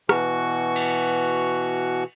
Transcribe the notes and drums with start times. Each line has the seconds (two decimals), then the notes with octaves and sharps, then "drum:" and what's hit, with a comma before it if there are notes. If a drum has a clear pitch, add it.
0.09 B2 E3 F#4 C#6, drum: rim click
0.76 drum: cymbal